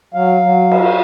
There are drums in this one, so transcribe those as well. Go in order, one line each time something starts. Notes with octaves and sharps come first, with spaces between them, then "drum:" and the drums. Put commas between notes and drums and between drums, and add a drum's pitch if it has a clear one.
F#3 F5
F#3
drum: cymbal